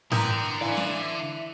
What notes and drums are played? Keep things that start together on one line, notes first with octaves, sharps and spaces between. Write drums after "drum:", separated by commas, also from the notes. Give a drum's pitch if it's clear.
D3 E3 A#4 E5 G5 D#6 G6, drum: tom G#2
E3 E4 D5 F5 G#5
drum: snare
E5